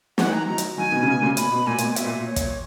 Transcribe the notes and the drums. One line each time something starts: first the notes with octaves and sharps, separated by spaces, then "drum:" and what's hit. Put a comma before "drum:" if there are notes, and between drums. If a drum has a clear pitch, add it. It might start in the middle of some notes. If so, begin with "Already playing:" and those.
E3 G#3 F#5, drum: snare
A#5
D#3 F#3 A#5
drum: hi-hat
D#3 F#3 G#5
B2 D#3
C#3
B2
A#2 C#3
B2 B5, drum: hi-hat
B2
A#2 G#5
A#2, drum: hi-hat
B2
B2 E5, drum: hi-hat
A#2
A#2
C#5
drum: kick, hi-hat